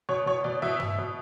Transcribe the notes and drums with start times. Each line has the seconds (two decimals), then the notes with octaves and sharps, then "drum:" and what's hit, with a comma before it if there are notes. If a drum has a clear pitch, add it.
0.09 B2 C#5
0.26 B2 C#5
0.44 B2 D5
0.62 B2 E5
0.80 B2, drum: tom G2
0.98 B2